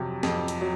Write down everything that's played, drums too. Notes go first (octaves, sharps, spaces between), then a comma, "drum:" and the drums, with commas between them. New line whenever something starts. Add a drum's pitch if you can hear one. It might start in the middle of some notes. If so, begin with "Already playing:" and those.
Already playing: F2 C3 F#3
F2, drum: snare
drum: hi-hat
F#3